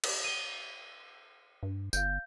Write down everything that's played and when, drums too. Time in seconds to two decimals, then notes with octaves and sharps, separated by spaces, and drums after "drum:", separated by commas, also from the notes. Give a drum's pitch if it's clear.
0.04 drum: cymbal
0.24 D#7 G7
1.63 G2
1.93 G1 F5 G6, drum: tambourine